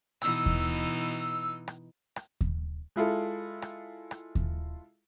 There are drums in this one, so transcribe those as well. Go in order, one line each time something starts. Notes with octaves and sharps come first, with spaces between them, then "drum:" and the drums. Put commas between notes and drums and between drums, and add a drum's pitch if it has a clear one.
B2 E3 D#4 E6, drum: rim click
drum: kick D#2
drum: rim click
drum: rim click
drum: kick D#2
G#3 E4 F4 A4
drum: rim click
drum: rim click
drum: kick D#2